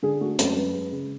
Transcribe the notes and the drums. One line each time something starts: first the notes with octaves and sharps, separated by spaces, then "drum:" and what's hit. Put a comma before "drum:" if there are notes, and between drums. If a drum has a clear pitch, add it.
D3 G#4
A3 F#4
F#2 A4, drum: hi-hat
F#2 B4
G#3
C#3